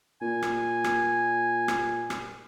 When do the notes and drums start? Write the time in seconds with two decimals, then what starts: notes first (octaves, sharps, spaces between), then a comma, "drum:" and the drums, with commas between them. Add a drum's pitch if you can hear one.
0.22 A#2 G#5
0.42 drum: rim click
0.84 drum: rim click
1.68 drum: rim click
2.10 drum: rim click